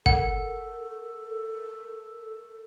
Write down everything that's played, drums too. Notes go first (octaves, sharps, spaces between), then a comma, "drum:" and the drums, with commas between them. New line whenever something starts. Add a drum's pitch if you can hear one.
A4 A#4 F#5, drum: kick